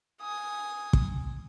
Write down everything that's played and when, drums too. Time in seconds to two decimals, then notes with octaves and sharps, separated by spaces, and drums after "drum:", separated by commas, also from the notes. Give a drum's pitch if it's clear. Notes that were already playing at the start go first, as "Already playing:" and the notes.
0.22 G#5 D#6
0.93 drum: kick